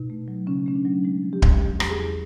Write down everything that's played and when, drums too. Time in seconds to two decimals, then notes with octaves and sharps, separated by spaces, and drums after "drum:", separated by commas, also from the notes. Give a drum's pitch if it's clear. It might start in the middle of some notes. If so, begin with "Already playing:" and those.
Already playing: B2 D#4
0.10 A3
0.28 F#3
0.47 C#3 C#4
0.66 A3 C#4
0.76 D4
0.85 F#3
1.04 G#3 D#4
1.23 F3
1.33 G4
1.42 G#3, drum: kick D1
1.61 E2 G4
1.80 E2, drum: rim click
1.90 G#4
2.00 E2